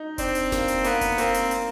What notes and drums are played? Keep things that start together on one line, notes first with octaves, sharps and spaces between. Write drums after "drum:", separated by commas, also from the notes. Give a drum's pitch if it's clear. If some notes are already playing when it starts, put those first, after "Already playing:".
Already playing: D#4
C4 D4, drum: kick F1, hi-hat
drum: hi-hat
A#3, drum: snare F1
drum: hi-hat
A#3 B3, drum: hi-hat
drum: kick F1, hi-hat
A#3 C4, drum: hi-hat
drum: hi-hat
drum: hi-hat